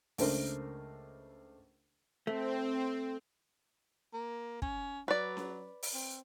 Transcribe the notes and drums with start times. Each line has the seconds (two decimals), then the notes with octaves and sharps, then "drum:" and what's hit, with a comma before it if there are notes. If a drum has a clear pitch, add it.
0.18 C#2 A3 D4 A#4 C5, drum: open hi-hat
2.27 A3 C4
4.14 A#3
4.62 C#4, drum: kick
5.08 F#3 B4 D5
5.37 drum: snare C#4
5.83 drum: open hi-hat
5.94 C4